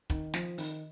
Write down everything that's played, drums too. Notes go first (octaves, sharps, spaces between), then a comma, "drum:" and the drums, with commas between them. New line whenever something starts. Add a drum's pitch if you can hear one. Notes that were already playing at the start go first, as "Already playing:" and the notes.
D#3, drum: kick, hi-hat
F3, drum: snare
D#3, drum: open hi-hat